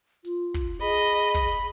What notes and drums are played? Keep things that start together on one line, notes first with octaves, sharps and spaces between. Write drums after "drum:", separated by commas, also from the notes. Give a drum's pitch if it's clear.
F4, drum: hi-hat
drum: kick, hi-hat
G#4 D#5 B5, drum: hi-hat
drum: hi-hat
drum: kick, hi-hat